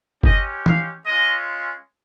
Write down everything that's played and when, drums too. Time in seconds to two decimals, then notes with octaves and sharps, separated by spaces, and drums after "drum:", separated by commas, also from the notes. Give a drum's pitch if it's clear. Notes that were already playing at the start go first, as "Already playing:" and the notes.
0.23 G#3 C#4 G4 D#5, drum: kick
0.66 F5, drum: tom E3
1.06 G#3 C#4 F4 D#5